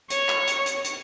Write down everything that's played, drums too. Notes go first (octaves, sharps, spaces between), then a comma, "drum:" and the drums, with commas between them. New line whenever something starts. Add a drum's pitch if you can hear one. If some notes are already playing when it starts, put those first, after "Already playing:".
C#5, drum: hi-hat
drum: clap
drum: hi-hat
drum: hi-hat
drum: hi-hat